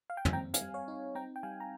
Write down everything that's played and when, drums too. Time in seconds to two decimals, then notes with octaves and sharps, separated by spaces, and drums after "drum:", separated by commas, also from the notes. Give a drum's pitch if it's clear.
0.10 F5
0.17 G5
0.25 G#5, drum: tom
0.33 C4 G5 A#5
0.54 F5 G#5, drum: hi-hat
0.61 G3
0.74 C#5 F5
0.88 D#4
1.15 C4 G5 A#5
1.36 G5
1.43 G3 F5 G#5
1.60 A#5